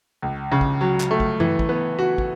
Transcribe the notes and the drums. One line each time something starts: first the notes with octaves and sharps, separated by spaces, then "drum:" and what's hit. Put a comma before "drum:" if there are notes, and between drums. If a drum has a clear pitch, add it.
C#2
C#3
drum: kick
F#3
drum: clap
A3
drum: kick
E3, drum: tom F#2
drum: kick
B3
F#4
drum: kick